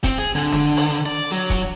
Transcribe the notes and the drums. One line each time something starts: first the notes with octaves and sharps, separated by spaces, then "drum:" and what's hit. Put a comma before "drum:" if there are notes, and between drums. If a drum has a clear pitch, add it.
C4, drum: kick E1, hi-hat
G#4
D3
drum: snare
drum: open hi-hat
D5
F#3
drum: kick E1, hi-hat